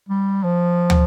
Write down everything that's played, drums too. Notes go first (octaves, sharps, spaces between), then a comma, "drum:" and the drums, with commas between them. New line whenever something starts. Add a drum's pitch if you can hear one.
G3
F3
drum: tom